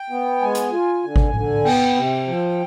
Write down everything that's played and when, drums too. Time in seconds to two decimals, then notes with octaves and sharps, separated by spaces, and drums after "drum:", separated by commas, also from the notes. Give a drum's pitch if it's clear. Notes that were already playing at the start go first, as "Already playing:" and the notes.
Already playing: G5
0.10 B3
0.41 G#3 G#5
0.55 drum: hi-hat
0.72 F4
1.04 D3
1.16 drum: kick G#1
1.34 D3, drum: tom A2
1.65 B3 G5, drum: cymbal
1.96 C3
2.27 F3